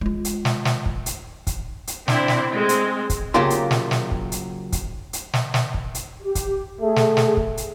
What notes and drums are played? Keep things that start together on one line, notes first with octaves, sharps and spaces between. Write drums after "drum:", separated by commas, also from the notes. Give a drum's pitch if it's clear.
G#3 F4
drum: hi-hat
drum: snare
drum: snare
drum: kick
drum: hi-hat
drum: kick, hi-hat
drum: hi-hat
C4 D4 E4, drum: snare
drum: snare
G#3 C4
drum: hi-hat
drum: kick, hi-hat
C#3 F#3 A#3 F4 G4 C6
drum: hi-hat
drum: snare
drum: snare
drum: kick
drum: hi-hat
drum: kick, hi-hat
drum: hi-hat
drum: snare
drum: snare
drum: kick
drum: hi-hat
G4
drum: kick, hi-hat
A3 G#4
drum: snare
drum: snare
drum: kick
drum: hi-hat